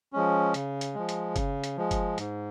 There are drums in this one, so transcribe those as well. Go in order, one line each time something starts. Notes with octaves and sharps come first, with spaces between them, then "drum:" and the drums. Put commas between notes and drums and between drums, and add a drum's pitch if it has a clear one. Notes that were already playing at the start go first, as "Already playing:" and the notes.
F3 G#3 C#4
C#3, drum: hi-hat
drum: hi-hat
F3 G#3
drum: hi-hat
C#3, drum: kick F#1, hi-hat
drum: hi-hat
F3 G#3
drum: kick F#1, hi-hat
G#2, drum: hi-hat